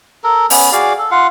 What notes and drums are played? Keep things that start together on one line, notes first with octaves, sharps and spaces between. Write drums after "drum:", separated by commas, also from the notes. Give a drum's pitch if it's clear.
A4 A#4
B3 C#4, drum: open hi-hat
F#4 G#4 D5 F5
A4
F4 F5 F#5